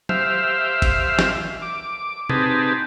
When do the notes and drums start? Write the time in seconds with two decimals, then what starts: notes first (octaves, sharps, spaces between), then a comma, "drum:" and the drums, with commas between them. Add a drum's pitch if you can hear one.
0.09 G4 C5 E5 F5, drum: tom
0.82 drum: kick G1, cymbal
1.19 drum: snare
1.62 D6
2.29 C4 D#4 G4 G#4 B4 A5, drum: tom